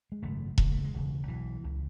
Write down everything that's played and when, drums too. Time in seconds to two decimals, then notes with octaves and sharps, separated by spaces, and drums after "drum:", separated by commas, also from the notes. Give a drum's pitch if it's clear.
0.12 G#3
0.22 G#1 F#2 C#3 A3
0.58 E1 D2 C#3 G#3, drum: kick E1
0.71 A3
0.84 G#3
0.94 E1 D2 C#3
1.28 B1 B2 E3
1.64 C#2 C#3